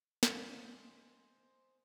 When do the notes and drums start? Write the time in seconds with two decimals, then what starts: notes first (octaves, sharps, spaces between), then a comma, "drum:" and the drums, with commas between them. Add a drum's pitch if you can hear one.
0.23 C5 D5 D#5 F5 C6, drum: snare
0.68 G#5